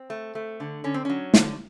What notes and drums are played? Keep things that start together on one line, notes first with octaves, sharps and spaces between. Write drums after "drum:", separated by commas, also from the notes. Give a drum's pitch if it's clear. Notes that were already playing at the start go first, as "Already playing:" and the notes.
Already playing: C4
A3
A3
D3
D3 C#4
C4
F#3 C#4
D3, drum: snare